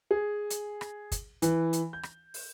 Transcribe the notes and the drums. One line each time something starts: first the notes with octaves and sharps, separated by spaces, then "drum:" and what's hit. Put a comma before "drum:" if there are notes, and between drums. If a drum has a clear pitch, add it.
G#4
drum: hi-hat
drum: rim click
drum: kick, hi-hat
E3, drum: hi-hat
drum: hi-hat
G6
drum: rim click
drum: open hi-hat